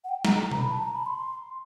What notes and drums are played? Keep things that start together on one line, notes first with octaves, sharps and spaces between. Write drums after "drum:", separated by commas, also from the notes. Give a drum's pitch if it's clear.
F#5
G5
A#5, drum: snare
A#5
A#5, drum: tom B2
B5
A5
A#5
B5
C6